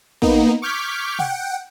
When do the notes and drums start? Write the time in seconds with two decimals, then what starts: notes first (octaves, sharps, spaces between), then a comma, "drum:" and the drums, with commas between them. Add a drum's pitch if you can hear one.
0.22 A#3 B3 D#4, drum: kick
0.62 C#6 D6 F6 G6 G#6 B6
1.19 F#5 G5, drum: tom B2